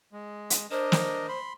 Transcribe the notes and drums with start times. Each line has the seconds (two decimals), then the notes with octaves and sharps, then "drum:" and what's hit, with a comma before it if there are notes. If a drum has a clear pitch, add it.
0.13 G#3
0.50 drum: hi-hat
0.71 D4 A#4 C5 D#5
0.92 drum: snare
1.28 B5 C6